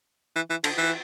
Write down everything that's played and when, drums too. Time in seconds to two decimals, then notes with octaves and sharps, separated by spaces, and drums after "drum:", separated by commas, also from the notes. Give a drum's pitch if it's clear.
0.36 E3
0.50 E3
0.64 D3, drum: cymbal
0.78 E3